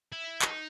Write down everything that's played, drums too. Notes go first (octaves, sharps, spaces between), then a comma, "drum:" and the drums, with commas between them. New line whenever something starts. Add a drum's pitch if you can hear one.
E4
D#4, drum: clap